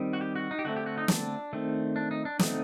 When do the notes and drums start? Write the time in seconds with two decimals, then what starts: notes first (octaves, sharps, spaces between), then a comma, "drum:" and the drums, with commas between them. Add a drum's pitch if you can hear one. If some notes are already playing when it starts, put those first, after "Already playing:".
Already playing: D#3 G3 C4
0.13 F#4
0.21 G4
0.36 F#4
0.51 D#4
0.59 G4
0.65 D3 A3 C4 F#4
0.76 G4
0.86 F#4
0.98 D#4
1.08 D4, drum: snare
1.53 D#3 A3 C4
1.96 D4
2.11 D#4
2.25 D4
2.39 D3 A3 C4 D#4, drum: snare